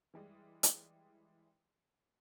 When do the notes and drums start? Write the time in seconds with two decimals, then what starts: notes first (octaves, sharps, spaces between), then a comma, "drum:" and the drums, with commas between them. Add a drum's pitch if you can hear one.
0.14 E3 G3 G#3
0.63 drum: hi-hat